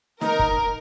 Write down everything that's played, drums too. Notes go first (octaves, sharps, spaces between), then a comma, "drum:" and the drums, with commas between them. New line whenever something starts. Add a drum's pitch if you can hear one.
D#4 A#4, drum: snare
drum: kick